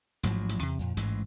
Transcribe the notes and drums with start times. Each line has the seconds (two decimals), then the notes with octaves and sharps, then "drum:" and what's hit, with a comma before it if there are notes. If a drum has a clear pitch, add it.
0.23 A1 G#2 F3 F#3, drum: hi-hat
0.49 drum: hi-hat
0.61 E2 C3
0.79 F2 A#2
0.97 A1 G#2 E3 G#3, drum: hi-hat